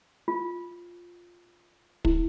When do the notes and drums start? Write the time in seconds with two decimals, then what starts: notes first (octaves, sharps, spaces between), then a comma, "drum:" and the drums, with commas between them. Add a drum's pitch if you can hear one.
0.28 F4
2.05 E4, drum: kick